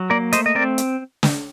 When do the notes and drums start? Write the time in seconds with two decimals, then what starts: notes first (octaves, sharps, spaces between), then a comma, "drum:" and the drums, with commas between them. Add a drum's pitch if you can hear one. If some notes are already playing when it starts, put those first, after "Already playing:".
Already playing: F#3
0.10 A#3 A#4 D5
0.33 A3 C5 D#5, drum: hi-hat
0.46 D#5
0.55 C4 A#4 D5
0.78 drum: hi-hat
1.23 drum: snare